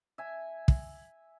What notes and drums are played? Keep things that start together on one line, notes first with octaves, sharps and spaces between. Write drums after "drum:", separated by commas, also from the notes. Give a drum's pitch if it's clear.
E5 G#5
drum: kick